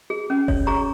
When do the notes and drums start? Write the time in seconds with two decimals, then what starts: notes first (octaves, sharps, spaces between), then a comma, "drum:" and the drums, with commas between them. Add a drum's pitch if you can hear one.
0.10 G#4
0.30 C#4
0.48 C#5, drum: kick F1
0.67 G#4 A#5 C#6